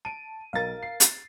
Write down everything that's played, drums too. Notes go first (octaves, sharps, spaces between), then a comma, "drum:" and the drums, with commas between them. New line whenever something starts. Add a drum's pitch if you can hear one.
A5 D7 D#7
B1 A#4 F5 A6
C7
drum: hi-hat